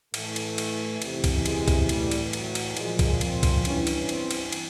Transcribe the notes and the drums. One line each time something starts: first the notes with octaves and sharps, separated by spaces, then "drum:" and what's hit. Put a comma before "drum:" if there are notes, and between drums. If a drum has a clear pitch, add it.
A2 E3 A3, drum: cymbal
drum: cymbal
drum: cymbal
E2 C3 E3, drum: cymbal
drum: kick, cymbal
G#3, drum: cymbal
drum: kick, cymbal
A2 E3 G3, drum: cymbal
drum: cymbal
F#3, drum: cymbal
drum: cymbal
A#2 F3 G#3, drum: cymbal
drum: kick, cymbal
C4, drum: cymbal
drum: kick, cymbal
G2 E3 C#4, drum: cymbal
drum: cymbal
C4, drum: cymbal
drum: cymbal
drum: cymbal